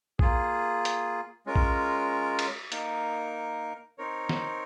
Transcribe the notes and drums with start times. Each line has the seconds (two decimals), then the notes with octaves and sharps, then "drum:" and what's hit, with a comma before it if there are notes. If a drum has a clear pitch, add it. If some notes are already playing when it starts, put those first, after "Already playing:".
0.19 A#3 F4 G#4, drum: kick A#1
0.85 drum: hi-hat
1.46 G#3 C#4 F4 A#4
1.56 drum: kick A#1
2.39 drum: cymbal
2.72 A#3 D#4 A#4, drum: hi-hat
3.98 C4 D#4 A#4 C#5
4.29 drum: snare